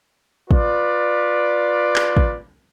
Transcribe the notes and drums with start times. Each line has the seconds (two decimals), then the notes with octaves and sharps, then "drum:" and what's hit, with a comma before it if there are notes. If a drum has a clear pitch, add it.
0.51 F4 B4 D5, drum: kick
1.96 drum: clap
2.17 drum: kick